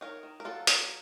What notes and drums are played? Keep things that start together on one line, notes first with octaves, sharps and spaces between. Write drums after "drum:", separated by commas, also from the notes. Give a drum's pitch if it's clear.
D#4 A#4 C#5
D#3
A#4
F#3 F4 A4
F#3, drum: hi-hat